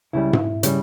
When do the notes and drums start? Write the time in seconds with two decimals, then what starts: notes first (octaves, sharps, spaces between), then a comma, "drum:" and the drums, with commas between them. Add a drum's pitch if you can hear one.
0.13 C#2 C#3 G3 E4
0.33 drum: tom G#2
0.63 C#3 G3, drum: hi-hat